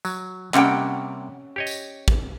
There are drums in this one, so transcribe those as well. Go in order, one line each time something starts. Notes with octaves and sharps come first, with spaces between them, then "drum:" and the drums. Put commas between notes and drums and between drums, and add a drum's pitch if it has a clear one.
F#3, drum: tambourine
C3 G3 A#3 C#4 F#5 G5, drum: clap
G4 C#5 D#5
drum: tambourine
drum: kick